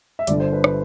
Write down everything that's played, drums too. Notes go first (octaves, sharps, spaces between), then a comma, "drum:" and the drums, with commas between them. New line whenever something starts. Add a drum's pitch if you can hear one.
E5
G1 G2 D3 D5, drum: hi-hat
C5
B4
B4, drum: rim click